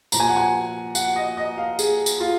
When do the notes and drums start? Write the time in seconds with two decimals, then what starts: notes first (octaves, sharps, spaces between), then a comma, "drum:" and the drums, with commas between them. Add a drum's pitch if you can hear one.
0.12 A#2 F3 A#5, drum: tambourine
0.20 G#5
0.29 F#5
0.36 G#5
0.95 F#5, drum: tambourine
1.16 D#5
1.37 D#5
1.58 F5
1.79 G#4, drum: tambourine
2.06 drum: tambourine
2.20 F4